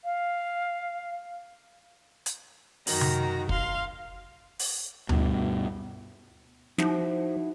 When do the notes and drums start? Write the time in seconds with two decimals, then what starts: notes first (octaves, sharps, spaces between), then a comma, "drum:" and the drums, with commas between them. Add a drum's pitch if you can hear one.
0.05 F5
2.26 drum: hi-hat
2.87 F#2 D#3 F#4 A#5, drum: open hi-hat
3.01 drum: tom C3
3.49 F5 C6 F6, drum: kick
4.59 drum: open hi-hat
5.09 G2 B2, drum: tom D2
6.78 F3 D#4 E4 F#4, drum: snare